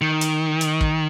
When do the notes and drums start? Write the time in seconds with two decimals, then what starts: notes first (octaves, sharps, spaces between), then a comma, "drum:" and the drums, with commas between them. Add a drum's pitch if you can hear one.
0.01 D#3
0.21 drum: hi-hat
0.61 drum: hi-hat
0.81 drum: kick